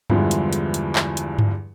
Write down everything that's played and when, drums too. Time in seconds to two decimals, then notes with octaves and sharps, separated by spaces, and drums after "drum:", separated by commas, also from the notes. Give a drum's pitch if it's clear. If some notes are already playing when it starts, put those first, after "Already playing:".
0.10 E2 G2 D3 E3 F3 G#3, drum: tom G2
0.31 drum: hi-hat
0.53 drum: hi-hat
0.74 drum: hi-hat
0.96 drum: clap
1.17 drum: hi-hat
1.39 drum: tom G2